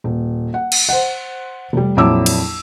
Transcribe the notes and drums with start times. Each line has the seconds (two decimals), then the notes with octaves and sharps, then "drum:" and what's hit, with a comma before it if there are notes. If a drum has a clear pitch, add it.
0.04 D#1
0.54 F#5
0.72 drum: cymbal
0.89 C5 F#5
1.73 F1 G3
1.97 A#1 F2 F#3 E4 D6 E6
2.26 drum: cymbal